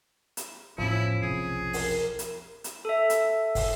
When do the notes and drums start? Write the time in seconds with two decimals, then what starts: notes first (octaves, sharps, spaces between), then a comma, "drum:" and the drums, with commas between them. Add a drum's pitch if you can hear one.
0.37 drum: hi-hat
0.78 A1 E2 F3 C#4 E4
1.22 F1 B1 G#4
1.73 A#4, drum: open hi-hat
2.19 drum: hi-hat
2.64 drum: hi-hat
2.85 A4 E5
3.10 drum: hi-hat
3.55 drum: kick, open hi-hat